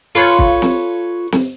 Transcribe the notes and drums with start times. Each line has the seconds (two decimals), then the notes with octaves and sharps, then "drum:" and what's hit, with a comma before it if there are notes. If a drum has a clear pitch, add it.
0.15 F4 A4 B4 C#5
0.39 drum: kick B1
0.62 drum: snare
1.32 drum: snare